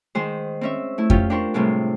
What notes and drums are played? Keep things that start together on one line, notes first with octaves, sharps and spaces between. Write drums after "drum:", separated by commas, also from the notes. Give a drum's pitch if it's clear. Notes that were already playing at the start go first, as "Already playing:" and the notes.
D#3 G#3 C5
C4 C#4 E5
A3 E4
C#4 F4 G4, drum: kick F2
D4 G4 A#4 C5 C#6
A2 C3 G3 G#3